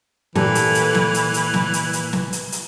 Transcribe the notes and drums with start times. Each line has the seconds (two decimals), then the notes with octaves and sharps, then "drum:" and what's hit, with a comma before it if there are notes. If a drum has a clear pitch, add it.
0.35 A#2 E3 G4 A4, drum: snare
0.55 drum: hi-hat
0.75 drum: hi-hat
0.95 drum: snare
1.14 drum: hi-hat
1.34 drum: hi-hat
1.54 drum: snare
1.73 drum: hi-hat
1.93 drum: hi-hat
2.13 drum: snare
2.33 drum: hi-hat
2.52 drum: hi-hat